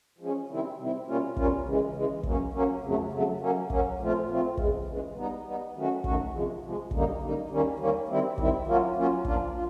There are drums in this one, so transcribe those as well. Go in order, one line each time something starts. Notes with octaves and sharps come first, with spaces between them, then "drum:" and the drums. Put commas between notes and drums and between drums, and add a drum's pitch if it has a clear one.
F3 G#3 C#4
C3 D#3 G3 C4 E4
C3 D#3 G3 C4 E4
B2 G3 A#3 C#4 F4
B2 G3 A#3 C#4 F4, drum: kick
C#3 E3 G#3
C#3 E3 G#3
F#3 A#3 C#4, drum: kick
F#3 A#3 C#4
F2 C#3 F#3 A3
F2 C#3 F#3 A3
F#3 A#3 C#4
F#3 A#3 C#4, drum: kick
A#2 F3 A3 C4 F4
A#2 F3 A3 C4 F4
D#2 C#3 E3 G#3, drum: kick
D#2 C#3 E3 G#3
G3 B3 D#4
G3 B3 D#4
D#3 F#3 A3 C#4 F#4
D#3 F#3 A3 C#4 F#4, drum: kick
C3 F3 G#3
C3 F3 G#3
F#2 D3 G3 A#3 D#4, drum: kick
F#2 D3 G3 A#3 D#4
D#2 D#3 G3 A#3 C#4
D#2 D#3 G3 A#3 C#4
D#3 G3 C4 E4
D#3 G3 C4 E4, drum: kick
F#3 A#3 C#4 F4
F#3 A#3 C#4 F4
F3 A#3 D4 F4, drum: kick
F4